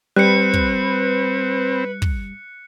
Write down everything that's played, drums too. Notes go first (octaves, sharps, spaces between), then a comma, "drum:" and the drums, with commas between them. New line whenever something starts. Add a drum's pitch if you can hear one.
G3 C4 B4 F#6 C#7
drum: kick
drum: kick